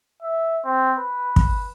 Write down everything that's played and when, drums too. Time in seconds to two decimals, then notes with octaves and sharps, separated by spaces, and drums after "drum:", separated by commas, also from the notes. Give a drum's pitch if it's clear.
0.22 E5
0.65 C4
0.99 B4
1.36 drum: kick